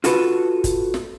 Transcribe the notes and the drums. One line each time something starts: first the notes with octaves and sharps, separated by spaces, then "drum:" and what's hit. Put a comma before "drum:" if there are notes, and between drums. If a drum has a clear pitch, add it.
F4 F#4 A4 B4, drum: hi-hat
drum: kick G1, hi-hat
drum: snare